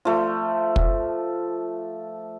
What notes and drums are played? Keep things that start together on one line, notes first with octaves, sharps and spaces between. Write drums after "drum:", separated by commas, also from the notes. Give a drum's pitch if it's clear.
F3 A3
drum: kick